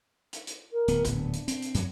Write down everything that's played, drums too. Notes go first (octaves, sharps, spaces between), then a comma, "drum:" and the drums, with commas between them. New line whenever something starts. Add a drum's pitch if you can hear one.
drum: hi-hat
drum: hi-hat
A#4
D1 B3, drum: hi-hat
drum: kick, hi-hat
D4
drum: hi-hat
C4, drum: hi-hat
drum: hi-hat
F#2 F#3, drum: hi-hat